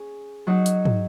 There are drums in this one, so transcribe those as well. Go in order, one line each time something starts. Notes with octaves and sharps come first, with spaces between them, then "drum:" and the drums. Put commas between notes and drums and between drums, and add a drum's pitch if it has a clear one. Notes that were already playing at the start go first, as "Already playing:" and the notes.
Already playing: C#4 G#4
F#3 D#4 F#4
drum: hi-hat
drum: tom